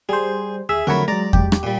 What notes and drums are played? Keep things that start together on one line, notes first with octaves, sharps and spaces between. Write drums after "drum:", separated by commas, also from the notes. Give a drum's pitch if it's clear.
G3 G#4 C5
D2 G#4 E5
F2 D3 F#3 A3 F#4 A#4 C#5 B5
F#3 G#3 D5 A#5
G4, drum: kick E2
drum: rim click
A#2 G3